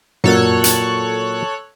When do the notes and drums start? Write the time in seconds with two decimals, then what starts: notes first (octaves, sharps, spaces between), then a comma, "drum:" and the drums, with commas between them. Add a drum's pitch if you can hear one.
0.24 A#2 F#3 A4 C#5 F#6, drum: tom F#2
0.64 drum: hi-hat